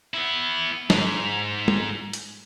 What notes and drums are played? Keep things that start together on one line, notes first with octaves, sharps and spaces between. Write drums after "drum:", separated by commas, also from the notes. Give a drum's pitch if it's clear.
B3 E4
G#2, drum: snare
drum: tom G3
drum: hi-hat